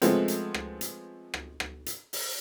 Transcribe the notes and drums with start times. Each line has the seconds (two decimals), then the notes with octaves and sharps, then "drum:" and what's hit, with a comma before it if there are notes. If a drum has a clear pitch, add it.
0.02 F3 G#3 A3 B3 C4, drum: hi-hat
0.28 drum: hi-hat
0.54 drum: rim click
0.81 drum: hi-hat
1.34 drum: rim click
1.60 drum: rim click
1.86 drum: hi-hat
2.13 drum: open hi-hat